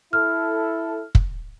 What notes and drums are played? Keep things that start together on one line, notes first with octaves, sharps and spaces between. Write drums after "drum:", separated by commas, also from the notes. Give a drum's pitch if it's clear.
E4 A4 F6
drum: kick